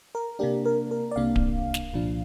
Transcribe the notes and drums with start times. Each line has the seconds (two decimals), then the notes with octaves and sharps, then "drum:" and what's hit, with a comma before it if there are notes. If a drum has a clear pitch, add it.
0.15 A#4
0.39 C3 A#3 D4 G4
0.65 A#4
0.91 A#4
1.11 D5
1.16 C2 C3 A#3 D4 F5
1.36 drum: kick D1
1.74 drum: snare
1.93 C2 A#2 F3 D4